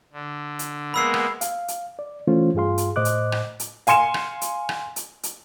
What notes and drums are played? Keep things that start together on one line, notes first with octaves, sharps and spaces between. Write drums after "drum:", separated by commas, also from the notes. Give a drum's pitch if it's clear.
D3
drum: hi-hat
G#3 A#3 B3 B5 E6 C7
drum: rim click
F5, drum: hi-hat
drum: hi-hat
D5
E3 A3 C#4 F4 C5
G2 F4 G#4 F5 C6
drum: hi-hat
A2 C5 D#5 D6 F#6
drum: hi-hat
drum: rim click
drum: hi-hat
F5 G#5 C6 C#7 E7, drum: hi-hat
drum: rim click
drum: hi-hat
drum: rim click
drum: hi-hat
drum: hi-hat